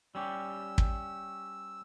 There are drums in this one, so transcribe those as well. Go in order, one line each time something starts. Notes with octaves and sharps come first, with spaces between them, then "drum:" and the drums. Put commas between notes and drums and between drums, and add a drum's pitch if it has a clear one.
G3 C#4 G4 E6
drum: kick